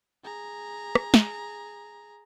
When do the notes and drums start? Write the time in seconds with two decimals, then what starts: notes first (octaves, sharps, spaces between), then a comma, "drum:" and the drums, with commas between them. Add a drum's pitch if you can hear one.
0.24 G#4 A#5
0.95 drum: rim click
1.14 drum: snare